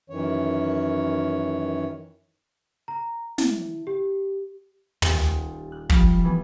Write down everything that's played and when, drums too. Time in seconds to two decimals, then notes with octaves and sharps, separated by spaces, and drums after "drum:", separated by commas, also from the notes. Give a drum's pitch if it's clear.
0.10 F#2 D#3 E3 C#5
2.88 A#5
3.38 E4, drum: snare
3.87 G4
5.02 D#1 G4 A6, drum: tom
5.72 F#6
5.90 F3 G3, drum: kick
6.23 E3 B3